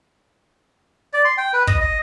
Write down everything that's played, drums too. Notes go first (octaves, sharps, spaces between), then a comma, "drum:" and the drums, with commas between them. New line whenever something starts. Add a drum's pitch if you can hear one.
D5
C6
G5
B4
D#5, drum: kick
D#5